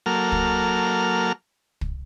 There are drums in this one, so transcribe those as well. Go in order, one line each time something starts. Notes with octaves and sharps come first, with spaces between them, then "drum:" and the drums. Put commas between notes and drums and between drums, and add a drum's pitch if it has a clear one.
F#3 A#3 A4 F6
drum: kick
drum: kick